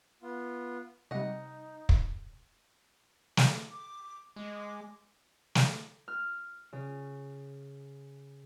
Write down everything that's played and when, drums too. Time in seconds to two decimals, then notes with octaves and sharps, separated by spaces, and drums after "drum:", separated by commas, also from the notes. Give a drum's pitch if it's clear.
0.22 B3 F4
1.11 C3 G3 D#4 D#5 F#5
1.89 drum: kick
3.37 drum: snare
3.70 D6
4.36 G#3 D6
5.55 drum: snare
6.08 F6
6.73 C#3